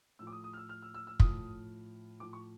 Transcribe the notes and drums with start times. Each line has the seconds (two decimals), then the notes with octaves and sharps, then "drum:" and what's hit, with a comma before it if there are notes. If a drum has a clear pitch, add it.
0.19 A2 F3 E6
0.27 D6
0.32 D#6
0.44 D#6
0.53 F6
0.57 E6
0.69 F6
0.82 E6
0.94 E6
1.07 E6
1.20 A2 F3 D#6, drum: kick
2.20 A2 F3 D6
2.33 C#6